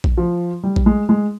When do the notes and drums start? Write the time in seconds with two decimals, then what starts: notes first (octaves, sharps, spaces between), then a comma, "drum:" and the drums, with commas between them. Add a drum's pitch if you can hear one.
0.04 drum: kick A#1
0.17 F3
0.63 G3
0.76 drum: kick A#1
0.86 G#3
1.09 G#3